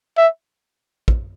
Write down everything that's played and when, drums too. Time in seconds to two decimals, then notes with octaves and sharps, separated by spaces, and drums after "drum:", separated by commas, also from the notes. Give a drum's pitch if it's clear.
0.17 E5
1.08 drum: kick